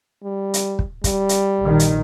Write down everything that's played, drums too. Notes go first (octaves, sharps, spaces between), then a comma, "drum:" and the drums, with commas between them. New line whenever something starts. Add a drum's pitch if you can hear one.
G3
drum: hi-hat
drum: kick
G3, drum: kick, hi-hat
drum: hi-hat
A#1 D#3
drum: hi-hat